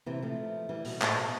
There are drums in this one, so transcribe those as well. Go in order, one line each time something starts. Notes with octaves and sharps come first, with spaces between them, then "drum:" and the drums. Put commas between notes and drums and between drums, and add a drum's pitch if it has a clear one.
C3 E3
F3 A3
E3 G3
B2, drum: open hi-hat
A2, drum: clap
B2